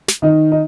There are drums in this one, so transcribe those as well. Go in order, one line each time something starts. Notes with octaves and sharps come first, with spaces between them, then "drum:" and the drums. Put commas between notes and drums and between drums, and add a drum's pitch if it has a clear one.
drum: snare
D#3 D#4
D#4